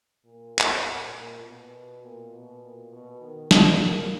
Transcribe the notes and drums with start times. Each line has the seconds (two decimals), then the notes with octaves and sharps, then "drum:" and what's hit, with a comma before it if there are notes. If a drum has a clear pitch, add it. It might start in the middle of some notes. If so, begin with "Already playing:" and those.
0.25 A#2
0.59 drum: clap
0.84 A#2
1.14 A#2
1.43 B2
2.03 A#2
2.33 B2
2.62 A#2
2.92 B2
3.21 D#3
3.51 G#3, drum: snare
3.81 A#3